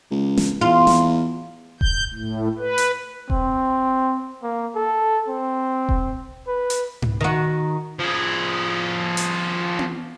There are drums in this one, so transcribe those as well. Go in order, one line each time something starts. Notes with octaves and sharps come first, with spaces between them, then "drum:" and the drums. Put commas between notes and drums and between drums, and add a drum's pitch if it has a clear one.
C#2
drum: snare
E2 F4
drum: snare
G6, drum: kick E1
A2
B4
drum: hi-hat
C4, drum: kick E1
A#3
A4
C4
drum: kick E1
B4
drum: hi-hat
drum: tom G#2
D#3 F#4
F3 G#4
drum: hi-hat
drum: tom B3